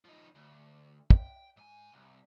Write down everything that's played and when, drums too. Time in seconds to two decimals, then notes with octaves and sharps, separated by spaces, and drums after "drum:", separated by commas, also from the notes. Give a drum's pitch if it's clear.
0.05 F3 D#4
0.35 D2
1.10 G5, drum: kick
1.57 G#2 G#5
1.92 C2